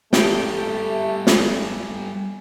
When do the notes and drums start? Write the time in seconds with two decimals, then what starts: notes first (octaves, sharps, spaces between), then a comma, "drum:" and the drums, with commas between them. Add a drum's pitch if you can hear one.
0.13 G3 A3 G4 A4, drum: snare
1.27 drum: snare